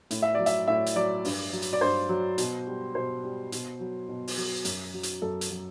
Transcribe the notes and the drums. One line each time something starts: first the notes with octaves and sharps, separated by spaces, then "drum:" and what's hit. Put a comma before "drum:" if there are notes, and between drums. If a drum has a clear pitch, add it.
A2, drum: hi-hat
E5
F#3 D5
E5, drum: hi-hat
A2 E5
drum: hi-hat
F#3 D5
G2, drum: open hi-hat
F#3
drum: hi-hat
D5
G2 C5
F#3
B2, drum: hi-hat
G3
B2 C5
G3
B2, drum: hi-hat
F#3
B2
drum: open hi-hat
F#3
F#2, drum: hi-hat
F#3
drum: hi-hat
F#2 A4
drum: hi-hat
F#3